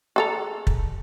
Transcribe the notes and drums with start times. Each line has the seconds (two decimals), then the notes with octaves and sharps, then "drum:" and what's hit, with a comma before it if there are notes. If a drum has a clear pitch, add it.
0.16 G#4 A4 A#5
0.67 drum: kick